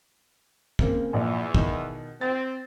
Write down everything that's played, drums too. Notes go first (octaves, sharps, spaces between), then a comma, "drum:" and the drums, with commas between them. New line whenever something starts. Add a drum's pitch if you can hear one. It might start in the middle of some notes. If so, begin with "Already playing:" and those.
C#3 A#3 C4, drum: kick
A#1 E2 D5
B2 D#3, drum: kick
C4 A6